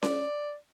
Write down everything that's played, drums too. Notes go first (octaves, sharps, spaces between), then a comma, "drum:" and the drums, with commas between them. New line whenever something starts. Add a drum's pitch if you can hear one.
D5, drum: snare C#4